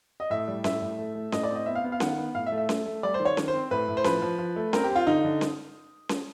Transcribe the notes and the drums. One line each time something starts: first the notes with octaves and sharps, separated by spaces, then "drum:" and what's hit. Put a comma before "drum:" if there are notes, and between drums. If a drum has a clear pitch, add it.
D#5
A2 E5
G3
A2 E5, drum: snare C#4
A2
A3
A3
A2 D#5, drum: snare C#4
D5
C4
D#5
B3 E5
F5
B3
F5
D#3 F#5, drum: snare C#4
B3
A2 F5
E5
A3
E5
A3, drum: snare C#4
A3
G3 D5
C5
D#3
C#5
D#3, drum: snare C#4
C5
C4
A2 B4
A2
C5
F3 B4, drum: snare C#4
F3
F3
A3
C4 A#4, drum: snare C#4
G4
C4
F4
D3 D#4
D3
drum: snare C#4
drum: snare C#4